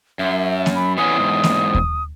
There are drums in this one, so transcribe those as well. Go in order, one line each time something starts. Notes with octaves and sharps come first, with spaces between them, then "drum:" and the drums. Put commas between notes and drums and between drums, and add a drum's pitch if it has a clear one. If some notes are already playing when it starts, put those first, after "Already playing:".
F#2 E5
drum: snare A#3
B5
E3 B3 C#4 D#6
E2 G#2
drum: snare A#3
drum: kick D#2